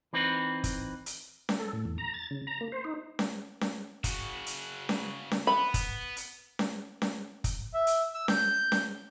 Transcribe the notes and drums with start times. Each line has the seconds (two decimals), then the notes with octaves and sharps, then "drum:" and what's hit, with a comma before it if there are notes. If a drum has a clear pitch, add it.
0.13 E3 C4 D#4 B4
0.64 drum: kick, hi-hat
1.06 drum: hi-hat
1.49 drum: snare C#4
1.59 A4
1.73 A2
1.85 E2
1.98 A#5
2.14 A6
2.30 C#3
2.47 A#5
2.61 A#3
2.72 C5
2.84 D#4
3.19 drum: snare C#4
3.61 drum: snare C#4
4.04 C#3 F#4, drum: kick, hi-hat
4.46 drum: hi-hat
4.89 drum: snare C#4
5.31 drum: snare C#4
5.47 B3 B5
5.74 drum: kick, hi-hat
6.17 drum: hi-hat
6.59 drum: snare C#4
7.02 drum: snare C#4
7.44 drum: kick, hi-hat
7.74 E5
7.87 drum: hi-hat
8.14 E6
8.28 G6, drum: snare C#4
8.72 drum: snare C#4